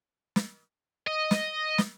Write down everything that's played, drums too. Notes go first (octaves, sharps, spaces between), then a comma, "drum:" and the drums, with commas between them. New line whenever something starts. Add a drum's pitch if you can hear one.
drum: snare
D#5
drum: snare
drum: snare